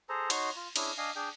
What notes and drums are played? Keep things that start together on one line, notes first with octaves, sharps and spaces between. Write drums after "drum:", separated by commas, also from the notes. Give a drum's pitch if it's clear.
G#4 A4 C5 A#5
D#4 F#4 C#5 C6, drum: cymbal
F4
C#4 D4 E4 G#4, drum: cymbal
D4 D#5 F5 G#5
D4 G#4 G5